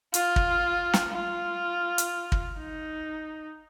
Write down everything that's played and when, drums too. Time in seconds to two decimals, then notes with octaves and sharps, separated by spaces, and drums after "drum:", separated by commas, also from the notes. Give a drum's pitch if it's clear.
0.14 F4, drum: hi-hat
0.36 drum: kick
0.94 drum: snare
1.12 F4
1.98 drum: hi-hat
2.32 drum: kick
2.58 D#4